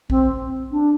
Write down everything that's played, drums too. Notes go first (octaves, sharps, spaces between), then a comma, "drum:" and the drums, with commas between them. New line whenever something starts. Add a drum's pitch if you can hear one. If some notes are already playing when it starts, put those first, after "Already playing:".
C4, drum: kick A#1
D4